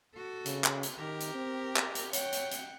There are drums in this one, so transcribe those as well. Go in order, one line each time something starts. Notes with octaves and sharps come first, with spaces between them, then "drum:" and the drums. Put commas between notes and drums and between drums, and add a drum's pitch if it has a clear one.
F#4 A4
C#3, drum: hi-hat
drum: clap
drum: hi-hat
D#3 G4 A#4
drum: hi-hat
C4
drum: clap
drum: hi-hat
C#5 F#5 G5, drum: hi-hat
drum: hi-hat
drum: hi-hat